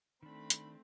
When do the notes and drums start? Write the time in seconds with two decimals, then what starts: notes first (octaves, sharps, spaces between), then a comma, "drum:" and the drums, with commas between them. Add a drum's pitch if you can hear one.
0.23 D#3 A3 C4 D4 B5
0.50 drum: hi-hat